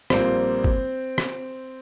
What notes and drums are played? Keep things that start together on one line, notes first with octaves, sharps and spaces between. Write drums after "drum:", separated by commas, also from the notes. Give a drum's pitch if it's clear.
A#1 A#2 G3 A#3 C4, drum: rim click
drum: kick
drum: rim click